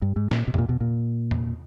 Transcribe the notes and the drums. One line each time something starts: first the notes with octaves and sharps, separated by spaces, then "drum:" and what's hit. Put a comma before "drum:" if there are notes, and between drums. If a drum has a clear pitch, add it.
G2
G#2
A#2, drum: snare
B2
A2, drum: tom E2
A#2
B2
A#2
drum: tom E2